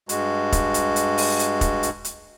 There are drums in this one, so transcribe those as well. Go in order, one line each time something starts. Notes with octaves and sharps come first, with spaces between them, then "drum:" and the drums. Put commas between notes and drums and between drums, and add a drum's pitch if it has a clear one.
G2 G#3 F#4, drum: hi-hat
drum: kick, hi-hat
drum: hi-hat
drum: hi-hat
drum: open hi-hat
drum: hi-hat
drum: kick, hi-hat
drum: hi-hat
drum: hi-hat